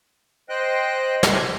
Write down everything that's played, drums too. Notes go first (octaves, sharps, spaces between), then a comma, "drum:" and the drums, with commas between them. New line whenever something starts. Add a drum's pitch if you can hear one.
C5 D#5 G5 F#6
drum: snare